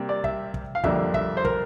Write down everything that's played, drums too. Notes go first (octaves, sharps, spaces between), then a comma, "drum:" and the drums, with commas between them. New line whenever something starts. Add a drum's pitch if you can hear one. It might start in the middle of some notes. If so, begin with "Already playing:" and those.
Already playing: C3 G3 A#3
D5
E5, drum: kick
drum: kick
F5
F2 D3 G3 A#3 E5, drum: kick
E5, drum: kick
C5
A#4, drum: kick